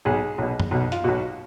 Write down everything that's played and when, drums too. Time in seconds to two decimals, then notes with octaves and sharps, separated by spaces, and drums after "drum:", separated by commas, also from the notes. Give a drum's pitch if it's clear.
0.05 B1 B2 G#4
0.38 B1 B2
0.60 drum: tom F#2
0.71 B1 B2
0.92 F4, drum: hi-hat
1.04 B1 B2 F#4